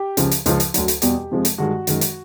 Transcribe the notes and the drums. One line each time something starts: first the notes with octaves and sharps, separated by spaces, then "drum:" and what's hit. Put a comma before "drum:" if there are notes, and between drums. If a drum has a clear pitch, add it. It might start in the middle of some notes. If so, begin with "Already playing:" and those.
Already playing: G4
C#2 C#3 F3, drum: hi-hat
drum: hi-hat
C#2 C#3 F3, drum: hi-hat
drum: hi-hat
D2 D3 F#3, drum: hi-hat
drum: hi-hat
E2 B2 G3 G4, drum: hi-hat
F2 C3 F3 G#3
drum: hi-hat
G2 D#3 G#3 F#4
F#2 D#3 G#3, drum: hi-hat
drum: hi-hat